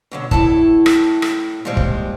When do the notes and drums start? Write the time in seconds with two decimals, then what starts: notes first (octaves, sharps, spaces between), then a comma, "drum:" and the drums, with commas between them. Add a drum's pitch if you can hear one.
0.11 B2 D3 F#3
0.31 A2 E4 A4 A5, drum: kick
0.86 drum: rim click
1.22 drum: rim click
1.65 A#2 D#3 F3 G3 G#3 C4
1.77 drum: kick